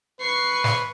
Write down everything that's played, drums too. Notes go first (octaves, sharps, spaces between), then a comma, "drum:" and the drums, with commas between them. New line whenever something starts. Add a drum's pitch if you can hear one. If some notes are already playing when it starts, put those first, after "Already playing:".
B4 C#6 C7
drum: snare